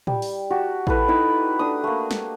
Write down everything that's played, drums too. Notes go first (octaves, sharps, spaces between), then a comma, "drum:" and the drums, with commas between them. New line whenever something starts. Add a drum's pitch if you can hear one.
G3, drum: tom
drum: open hi-hat
F#4 G4 A5
E4 A4 B4, drum: kick A1
D#4 E4 A5 B5
A3 D4 D#6
A3 A#3
drum: snare